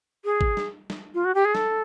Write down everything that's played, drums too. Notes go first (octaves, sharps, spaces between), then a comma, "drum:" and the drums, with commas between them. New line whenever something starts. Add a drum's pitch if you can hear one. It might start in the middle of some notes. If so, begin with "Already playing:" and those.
G#4
drum: kick G#1
drum: snare
drum: snare
F4
F#4
G4
G#4
A4, drum: snare